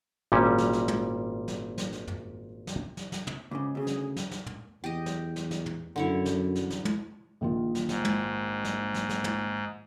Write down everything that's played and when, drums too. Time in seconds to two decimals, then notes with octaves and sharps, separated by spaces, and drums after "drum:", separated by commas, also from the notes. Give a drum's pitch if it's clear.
0.32 G#1 A#2 G3 C#4
0.58 drum: snare
0.73 drum: snare
0.88 drum: tom
1.48 drum: snare
1.78 drum: snare
1.93 drum: snare
2.07 drum: tom
2.67 drum: snare
2.97 drum: snare
3.12 drum: snare
3.27 drum: tom
3.51 C#2 G#2 C#3 D6
3.75 D2 C#3 G#4
3.87 drum: snare
4.17 drum: snare
4.31 drum: snare
4.46 drum: tom
4.84 E2 G4 D#5
5.06 drum: snare
5.36 drum: snare
5.51 drum: snare
5.66 drum: tom
5.96 F#2 D3 E4 C#5
6.26 drum: snare
6.55 drum: snare
6.70 drum: snare
6.85 drum: tom
7.41 A#1 D#3 F4
7.75 drum: snare
7.89 G#2, drum: snare
8.05 drum: tom
8.64 drum: snare
8.94 drum: snare
9.09 drum: snare
9.24 drum: tom